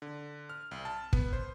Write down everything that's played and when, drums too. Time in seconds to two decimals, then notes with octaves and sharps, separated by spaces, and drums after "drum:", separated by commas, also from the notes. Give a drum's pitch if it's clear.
0.02 D3
0.49 F6
0.71 C2
0.85 A5
1.13 B3, drum: kick
1.33 C5